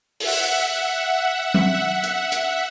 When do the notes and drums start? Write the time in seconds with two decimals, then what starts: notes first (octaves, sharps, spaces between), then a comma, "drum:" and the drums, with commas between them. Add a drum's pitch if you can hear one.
0.20 E5 F#5, drum: open hi-hat
1.54 drum: tom F#3
2.04 drum: hi-hat
2.32 drum: hi-hat